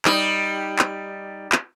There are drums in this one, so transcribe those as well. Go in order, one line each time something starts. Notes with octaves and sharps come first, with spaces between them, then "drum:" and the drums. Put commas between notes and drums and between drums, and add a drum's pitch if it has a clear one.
G3 D#4, drum: clap
drum: clap
drum: clap